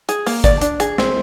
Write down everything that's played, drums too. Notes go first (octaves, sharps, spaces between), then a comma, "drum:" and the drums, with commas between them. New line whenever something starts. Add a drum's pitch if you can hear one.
G#4, drum: hi-hat
A#3, drum: open hi-hat
D5, drum: kick G#1, hi-hat
D4, drum: hi-hat
G#4, drum: hi-hat
C4, drum: snare